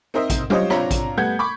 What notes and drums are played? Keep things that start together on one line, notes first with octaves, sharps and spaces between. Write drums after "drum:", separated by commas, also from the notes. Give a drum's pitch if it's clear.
C4 D#4 A#4 C5 D#5 E5
drum: kick A1, hi-hat
F4 G4 C5 C#5 D#5, drum: tom F#3
C4 D4 F4 C#5 A#5, drum: rim click
drum: kick A1, hi-hat
G3 A3 B3 F#5 G6 G#6
B5 C#6 D6